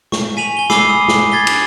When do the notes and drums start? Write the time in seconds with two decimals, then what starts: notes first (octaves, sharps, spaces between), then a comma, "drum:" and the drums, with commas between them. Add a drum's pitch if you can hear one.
0.12 C#6, drum: snare
0.37 G#5 B6 D#7 F7 F#7
0.57 G#5 G7
0.70 G#5 B5 D6 E6 C7 G7, drum: snare
0.89 D#6
1.08 drum: snare
1.32 G#6 A6 B6 G7
1.47 drum: cymbal